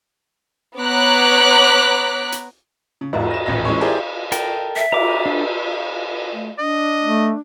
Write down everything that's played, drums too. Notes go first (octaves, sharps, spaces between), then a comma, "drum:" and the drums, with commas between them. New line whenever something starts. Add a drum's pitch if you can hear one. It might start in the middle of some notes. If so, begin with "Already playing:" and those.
B3 C#5 A#5 D6 F#6 B6
drum: hi-hat
C#3
E2 G#2, drum: cymbal
A#6 E7
D#1 A1 A#6
E3 G#3 C#4 C#5
E4 G4 G#4 A#4 C5 D5
A4 A#4 G5, drum: hi-hat
E5
A#5 D6, drum: cymbal
D4 A4
A3
D4 D#5
A3